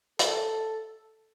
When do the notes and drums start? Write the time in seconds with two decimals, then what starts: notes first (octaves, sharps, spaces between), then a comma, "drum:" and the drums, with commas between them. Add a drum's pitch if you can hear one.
0.19 A4, drum: hi-hat